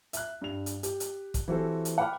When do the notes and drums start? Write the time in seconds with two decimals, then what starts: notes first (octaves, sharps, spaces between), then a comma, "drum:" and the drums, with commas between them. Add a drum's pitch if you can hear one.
0.13 E5 F#6, drum: hi-hat
0.42 G2 F7
0.66 drum: hi-hat
0.83 G4, drum: hi-hat
1.00 drum: hi-hat
1.34 drum: kick, hi-hat
1.48 E3 C4 F#4 G4 A4 C5
1.85 drum: hi-hat
1.98 F#5 G5 B5 D6 F6